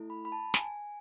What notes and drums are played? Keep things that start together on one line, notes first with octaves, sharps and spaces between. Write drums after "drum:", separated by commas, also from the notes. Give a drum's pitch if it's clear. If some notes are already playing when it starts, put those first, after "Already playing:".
Already playing: A3 E4 A4
B5
B5
A5
G#5, drum: snare